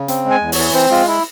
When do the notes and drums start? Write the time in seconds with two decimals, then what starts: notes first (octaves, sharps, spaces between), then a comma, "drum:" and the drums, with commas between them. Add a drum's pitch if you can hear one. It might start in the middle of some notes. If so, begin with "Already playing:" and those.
Already playing: C#3
0.08 C4, drum: hi-hat
0.25 G#3
0.31 G#5
0.41 E2
0.52 C#5, drum: open hi-hat
0.58 E3
0.74 C4 C5
0.90 G#3 F4
1.08 E4